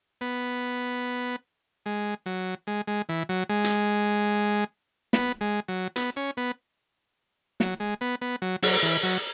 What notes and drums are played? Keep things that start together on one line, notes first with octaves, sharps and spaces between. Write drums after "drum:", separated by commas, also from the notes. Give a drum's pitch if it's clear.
B3
G#3
F#3
G#3
G#3
E3
F#3
G#3
drum: hi-hat
B3, drum: snare
G#3
F#3
B3, drum: hi-hat
C#4
B3
F#3, drum: snare
G#3
B3
B3
F#3
F#3, drum: open hi-hat
E3
F#3